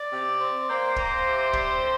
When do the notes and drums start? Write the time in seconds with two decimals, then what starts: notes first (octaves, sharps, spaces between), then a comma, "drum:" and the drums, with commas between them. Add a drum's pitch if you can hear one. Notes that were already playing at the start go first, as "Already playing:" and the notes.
Already playing: D5
0.12 C3
0.39 C4
0.68 A#3 C4 C5
0.96 A#3, drum: kick
1.25 C3
1.53 G3, drum: kick
1.81 D3